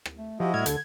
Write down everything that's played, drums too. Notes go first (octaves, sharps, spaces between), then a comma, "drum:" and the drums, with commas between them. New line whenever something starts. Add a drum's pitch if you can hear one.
drum: rim click
A3
F3 E4 F#4 G4 D#5
A2 G3 E5 F6 G#6
D2 D3 A4, drum: hi-hat